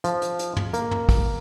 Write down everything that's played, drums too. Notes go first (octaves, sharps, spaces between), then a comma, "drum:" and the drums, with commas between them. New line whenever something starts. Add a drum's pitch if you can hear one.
F3, drum: hi-hat
drum: hi-hat
drum: hi-hat
drum: tom
A#3, drum: hi-hat
drum: tom
drum: kick, open hi-hat